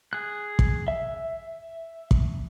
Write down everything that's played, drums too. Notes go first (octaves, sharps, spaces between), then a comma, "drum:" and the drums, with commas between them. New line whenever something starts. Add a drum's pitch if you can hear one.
G#4 F#6
drum: kick
E5
drum: kick